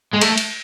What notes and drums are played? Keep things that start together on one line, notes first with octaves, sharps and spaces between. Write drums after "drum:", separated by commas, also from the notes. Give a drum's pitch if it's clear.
G#3
A3, drum: cymbal
drum: cymbal